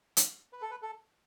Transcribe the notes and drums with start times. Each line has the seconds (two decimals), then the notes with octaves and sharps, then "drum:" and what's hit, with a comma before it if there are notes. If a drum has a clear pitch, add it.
0.17 drum: hi-hat
0.53 B4
0.62 A4
0.71 B4
0.82 A4